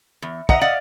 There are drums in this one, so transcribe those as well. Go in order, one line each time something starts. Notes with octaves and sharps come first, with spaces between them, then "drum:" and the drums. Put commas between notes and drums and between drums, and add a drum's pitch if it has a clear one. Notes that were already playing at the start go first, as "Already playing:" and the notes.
E2
D#5 E5 F#5 A#5, drum: kick
D5 F5 F#5